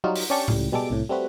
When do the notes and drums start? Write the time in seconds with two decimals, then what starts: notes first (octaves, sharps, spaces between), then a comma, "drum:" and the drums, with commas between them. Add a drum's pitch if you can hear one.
0.04 F#3 G3 D#4 F4
0.16 drum: open hi-hat
0.30 C#4 D4 G4 A5 C#6
0.48 C#2 A2 G3, drum: tom A2
0.72 B2 G3 G#3 A4 D6
0.90 C2 A2
1.09 G3 A3 C4 F#4 B4